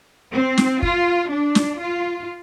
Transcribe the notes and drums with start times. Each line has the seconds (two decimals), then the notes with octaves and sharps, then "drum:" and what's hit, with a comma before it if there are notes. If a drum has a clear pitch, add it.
0.33 C4
0.58 drum: snare
0.82 F4, drum: kick
1.30 D4
1.55 drum: snare
1.80 F4